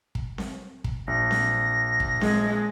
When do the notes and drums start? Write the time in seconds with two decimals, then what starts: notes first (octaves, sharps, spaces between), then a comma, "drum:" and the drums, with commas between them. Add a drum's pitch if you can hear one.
0.15 drum: kick
0.38 drum: snare C4
0.84 drum: kick
1.07 A#1 A#6
1.31 drum: snare C4
2.00 drum: kick
2.21 G#3, drum: snare C4